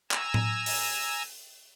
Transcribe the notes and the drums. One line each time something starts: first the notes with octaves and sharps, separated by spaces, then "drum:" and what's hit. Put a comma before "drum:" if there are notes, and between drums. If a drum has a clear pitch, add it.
G#5 A#5 E6, drum: clap
drum: tom A2
drum: open hi-hat